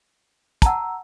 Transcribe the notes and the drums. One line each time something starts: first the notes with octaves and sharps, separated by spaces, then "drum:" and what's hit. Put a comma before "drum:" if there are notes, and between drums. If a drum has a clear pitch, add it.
F#5 A5 A#5 E6, drum: kick, hi-hat